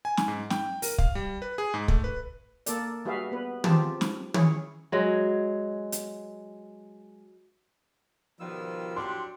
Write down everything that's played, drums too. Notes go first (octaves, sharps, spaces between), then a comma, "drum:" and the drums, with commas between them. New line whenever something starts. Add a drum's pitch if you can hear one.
G#5
drum: snare
G#2
G5, drum: snare
A#4, drum: open hi-hat
F5, drum: kick
G3
B4
G#4
G#2
A3, drum: kick
B4
A#3 A4 D5, drum: hi-hat
G3 F#4 G#4 B4 E5 F5
B3 B4
C4 F4 G4 G#4 A5, drum: tom
drum: snare
C#4 E4 G#4 C#5, drum: tom
F#3 G#3
drum: hi-hat
B2 D#3 F3 G3 F4 E6
F#3 D4 G4 C6